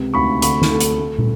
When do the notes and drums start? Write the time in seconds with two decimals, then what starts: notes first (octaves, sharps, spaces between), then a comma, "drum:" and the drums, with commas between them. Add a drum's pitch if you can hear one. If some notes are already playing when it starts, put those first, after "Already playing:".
Already playing: C#2 C3
0.14 D2 B5 C#6
0.42 D3 B5 C#6, drum: hi-hat
0.62 drum: snare
0.71 A3
0.81 drum: hi-hat
0.99 A3
1.18 drum: tom